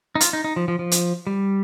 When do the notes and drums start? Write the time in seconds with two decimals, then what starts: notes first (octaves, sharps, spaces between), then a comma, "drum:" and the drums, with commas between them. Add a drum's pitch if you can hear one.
0.15 D#4
0.21 F4, drum: hi-hat
0.33 D#4
0.44 D#4
0.56 F3
0.68 F3
0.79 F3
0.91 drum: hi-hat
1.27 G3